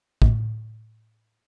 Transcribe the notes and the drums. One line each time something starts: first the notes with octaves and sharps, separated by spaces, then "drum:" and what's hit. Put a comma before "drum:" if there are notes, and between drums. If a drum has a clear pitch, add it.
A2, drum: kick